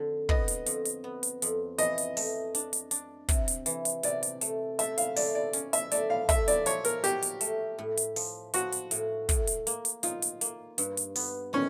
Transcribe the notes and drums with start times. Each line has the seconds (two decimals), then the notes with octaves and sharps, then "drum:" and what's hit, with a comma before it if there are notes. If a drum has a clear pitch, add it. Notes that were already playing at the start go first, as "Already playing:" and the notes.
Already playing: F2 D3
0.29 B3 D#5, drum: kick
0.48 drum: hi-hat
0.66 F2, drum: hi-hat
0.85 drum: hi-hat
1.04 B3
1.23 drum: hi-hat
1.42 F2, drum: hi-hat
1.78 E3 D#5, drum: hi-hat
1.98 drum: hi-hat
2.17 A3, drum: open hi-hat
2.55 D4, drum: hi-hat
2.73 drum: hi-hat
2.91 D4, drum: hi-hat
3.29 C3, drum: kick, hi-hat
3.48 drum: hi-hat
3.66 E3, drum: hi-hat
3.85 drum: hi-hat
4.03 C3 D5, drum: hi-hat
4.23 drum: hi-hat
4.41 A3, drum: hi-hat
4.79 A3 E5, drum: hi-hat
4.98 F5, drum: hi-hat
5.16 A3 D5, drum: open hi-hat
5.35 D5
5.53 C#4, drum: hi-hat
5.73 E5, drum: hi-hat
5.91 A3 D5, drum: hi-hat
6.10 F5
6.29 A3 E5, drum: kick, hi-hat
6.48 D5, drum: hi-hat
6.66 F3 C#5, drum: hi-hat
6.85 A#4, drum: hi-hat
7.04 F#4 G4, drum: hi-hat
7.22 drum: hi-hat
7.41 A3, drum: hi-hat
7.79 A2
7.97 drum: hi-hat
8.16 F3, drum: open hi-hat
8.54 F3 F#4, drum: hi-hat
8.72 drum: hi-hat
8.91 A2, drum: hi-hat
9.29 A2, drum: kick, hi-hat
9.47 drum: hi-hat
9.67 A#3, drum: hi-hat
9.85 drum: hi-hat
10.03 D#4 F4, drum: hi-hat
10.22 drum: hi-hat
10.41 A#3, drum: hi-hat
10.78 G2, drum: hi-hat
10.97 drum: hi-hat
11.16 B3, drum: open hi-hat
11.53 D#3 C#4